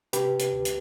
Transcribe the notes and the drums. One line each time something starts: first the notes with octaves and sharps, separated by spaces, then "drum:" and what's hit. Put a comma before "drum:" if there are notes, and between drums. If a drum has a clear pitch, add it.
C3 G4 B4, drum: hi-hat
drum: hi-hat
D2
drum: hi-hat